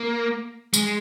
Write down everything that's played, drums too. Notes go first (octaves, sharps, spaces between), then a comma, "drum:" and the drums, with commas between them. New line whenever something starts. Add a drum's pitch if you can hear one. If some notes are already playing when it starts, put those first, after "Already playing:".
Already playing: A#3
G#3, drum: tambourine